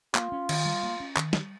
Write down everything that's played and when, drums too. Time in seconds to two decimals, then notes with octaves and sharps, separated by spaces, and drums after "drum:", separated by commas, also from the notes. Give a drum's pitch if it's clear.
0.15 A#3 F4, drum: clap
0.32 C#4
0.49 D#3, drum: cymbal
0.65 G3
0.83 A#3
1.00 C#4
1.17 D#3, drum: clap
1.33 G3, drum: snare